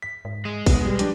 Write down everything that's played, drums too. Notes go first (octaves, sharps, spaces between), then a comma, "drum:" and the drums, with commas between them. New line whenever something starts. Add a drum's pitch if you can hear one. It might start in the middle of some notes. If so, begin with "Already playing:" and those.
B6
G#2
G#3 D#7
B2 B3, drum: kick A1, open hi-hat
G3 B4
F3 D4 G4, drum: hi-hat